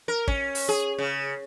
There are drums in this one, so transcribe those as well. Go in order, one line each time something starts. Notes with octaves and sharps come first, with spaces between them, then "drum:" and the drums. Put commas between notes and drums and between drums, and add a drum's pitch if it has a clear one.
A#4
C#4, drum: kick
drum: open hi-hat
G#4
C#3